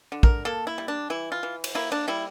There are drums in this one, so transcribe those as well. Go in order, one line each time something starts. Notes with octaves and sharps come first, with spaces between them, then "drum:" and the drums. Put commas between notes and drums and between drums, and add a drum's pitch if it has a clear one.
D3
A#4, drum: kick
A#3 A4
E4
G3
D4
E3 E4
F4
E3
drum: cymbal
A#3 E4
D4
G3 E4